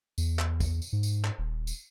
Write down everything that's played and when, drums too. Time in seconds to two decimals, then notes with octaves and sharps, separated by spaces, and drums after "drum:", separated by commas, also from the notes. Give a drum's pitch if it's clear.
0.18 E2, drum: tambourine
0.39 drum: clap
0.60 drum: kick, tambourine
0.82 drum: tambourine
0.93 G#2
1.03 drum: tambourine
1.24 drum: clap
1.38 D#1
1.67 drum: tambourine